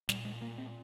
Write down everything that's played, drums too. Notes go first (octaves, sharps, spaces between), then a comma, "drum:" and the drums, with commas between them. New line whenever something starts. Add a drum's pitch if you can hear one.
A#2 G3, drum: snare
G#3
A#2 A#3
C4